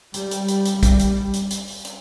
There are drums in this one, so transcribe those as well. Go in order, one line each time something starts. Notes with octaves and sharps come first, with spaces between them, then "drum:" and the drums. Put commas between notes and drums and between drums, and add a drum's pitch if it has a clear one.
G3, drum: hi-hat
drum: hi-hat
drum: hi-hat
drum: hi-hat
G3, drum: kick, hi-hat
drum: hi-hat
drum: hi-hat
drum: hi-hat
drum: open hi-hat
drum: hi-hat